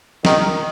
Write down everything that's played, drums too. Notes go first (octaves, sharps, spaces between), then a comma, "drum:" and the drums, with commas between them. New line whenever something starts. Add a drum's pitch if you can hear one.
D#3, drum: snare